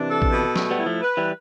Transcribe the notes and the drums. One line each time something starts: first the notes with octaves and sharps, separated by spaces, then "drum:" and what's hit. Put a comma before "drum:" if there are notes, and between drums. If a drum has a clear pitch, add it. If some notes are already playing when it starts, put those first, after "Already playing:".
Already playing: C3 E3 D4
A4
drum: kick A1
B2
A3, drum: snare
G3 B3
E4
F3 A3
B4
E3 G3